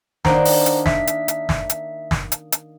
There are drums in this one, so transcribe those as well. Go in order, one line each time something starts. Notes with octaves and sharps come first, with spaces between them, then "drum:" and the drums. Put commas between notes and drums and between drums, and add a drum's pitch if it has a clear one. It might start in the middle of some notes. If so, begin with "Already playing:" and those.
D#3 A#3 D4 C5 F#5 A#5, drum: snare
drum: open hi-hat
drum: hi-hat
E5 B6, drum: snare
drum: hi-hat
drum: hi-hat
drum: snare
drum: hi-hat
drum: snare
drum: hi-hat
drum: hi-hat